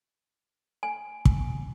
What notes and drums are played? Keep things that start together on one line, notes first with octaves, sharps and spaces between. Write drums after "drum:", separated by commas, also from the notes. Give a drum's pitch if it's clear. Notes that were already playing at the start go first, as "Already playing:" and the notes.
G#5
drum: kick